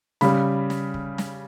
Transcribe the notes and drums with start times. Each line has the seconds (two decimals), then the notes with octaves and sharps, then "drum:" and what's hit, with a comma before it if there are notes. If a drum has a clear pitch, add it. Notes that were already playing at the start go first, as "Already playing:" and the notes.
0.21 C#3 G3 B5, drum: snare
0.70 drum: snare
0.94 drum: kick
1.18 drum: snare